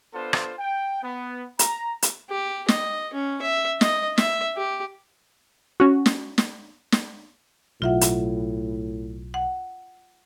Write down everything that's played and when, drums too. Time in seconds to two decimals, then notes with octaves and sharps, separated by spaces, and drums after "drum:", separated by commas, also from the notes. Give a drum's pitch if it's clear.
0.13 B3 D4 F4 A4 C5
0.33 drum: rim click
0.58 G5
1.03 B3
1.59 A#5, drum: hi-hat
2.02 drum: hi-hat
2.30 G4
2.68 D#5, drum: snare
3.13 C#4
3.42 E5
3.81 D#5, drum: snare
4.18 E5, drum: snare
4.56 G4
5.80 C#4 F#4
6.06 drum: snare
6.38 drum: snare
6.92 drum: snare
7.82 B1 A2 F4 E5 F#5
8.01 drum: hi-hat
9.34 F#5